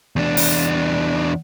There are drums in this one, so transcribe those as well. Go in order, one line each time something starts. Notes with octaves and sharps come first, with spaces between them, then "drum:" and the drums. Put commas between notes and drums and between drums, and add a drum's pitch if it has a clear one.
E2 D4
drum: open hi-hat